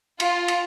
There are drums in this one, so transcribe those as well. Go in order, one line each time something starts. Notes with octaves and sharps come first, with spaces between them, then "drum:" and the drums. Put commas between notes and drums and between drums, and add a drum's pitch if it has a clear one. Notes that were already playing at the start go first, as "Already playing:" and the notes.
F4, drum: cymbal
drum: cymbal